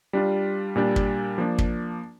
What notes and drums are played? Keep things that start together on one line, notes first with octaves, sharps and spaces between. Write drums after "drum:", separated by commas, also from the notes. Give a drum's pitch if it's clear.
G3 D4 F4
A#2 G3 D4
drum: kick
F3 A#3 D4
drum: kick